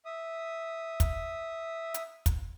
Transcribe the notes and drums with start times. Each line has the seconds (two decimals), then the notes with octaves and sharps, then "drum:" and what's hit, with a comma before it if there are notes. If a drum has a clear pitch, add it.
0.05 E5 D#6
1.00 drum: kick, hi-hat
1.94 drum: hi-hat
2.26 drum: kick, hi-hat